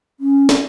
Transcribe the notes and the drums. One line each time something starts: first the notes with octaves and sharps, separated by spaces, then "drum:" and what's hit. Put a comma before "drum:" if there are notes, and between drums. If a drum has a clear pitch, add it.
C#4
drum: snare